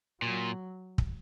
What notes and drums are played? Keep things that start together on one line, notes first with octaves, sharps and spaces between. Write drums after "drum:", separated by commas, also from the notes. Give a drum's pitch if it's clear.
A#2 F#3
drum: kick